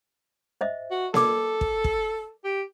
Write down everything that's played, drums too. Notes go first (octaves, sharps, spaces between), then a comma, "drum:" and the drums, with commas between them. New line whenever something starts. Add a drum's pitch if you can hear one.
C5 D#5 E5
F#4
A4 A#4 D5 D6, drum: snare A#3
drum: kick
drum: kick
G4